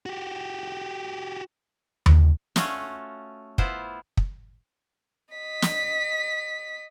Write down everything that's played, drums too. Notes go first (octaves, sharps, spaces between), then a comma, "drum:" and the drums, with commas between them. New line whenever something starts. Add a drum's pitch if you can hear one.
F#4 G4
drum: tom D#2
A3 C#4 F4 F#4 C#5, drum: snare
B3 E4 F4 C5, drum: kick
drum: kick
D#5 B6
drum: snare